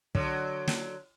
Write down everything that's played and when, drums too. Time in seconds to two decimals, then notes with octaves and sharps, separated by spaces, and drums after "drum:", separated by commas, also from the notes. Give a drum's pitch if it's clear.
0.15 D3 F#3, drum: kick
0.67 drum: snare